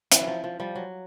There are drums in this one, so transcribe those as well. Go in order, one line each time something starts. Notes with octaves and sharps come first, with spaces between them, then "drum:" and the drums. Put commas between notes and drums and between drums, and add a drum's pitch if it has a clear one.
E3, drum: hi-hat
F#3
F3
F3
F3 G3
F#3